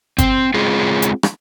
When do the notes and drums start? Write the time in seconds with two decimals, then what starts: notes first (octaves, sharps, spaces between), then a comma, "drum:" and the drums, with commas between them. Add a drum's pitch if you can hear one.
0.18 C4, drum: kick G1, hi-hat
0.54 G#3 C4 F4 G#4
1.02 drum: hi-hat
1.23 drum: rim click